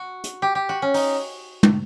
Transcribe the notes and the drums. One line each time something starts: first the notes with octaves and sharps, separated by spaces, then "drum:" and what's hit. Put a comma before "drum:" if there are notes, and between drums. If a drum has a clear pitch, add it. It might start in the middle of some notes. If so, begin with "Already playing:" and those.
Already playing: F#4
drum: hi-hat
G4
G4
F#4
C#4
D#4, drum: open hi-hat
drum: tom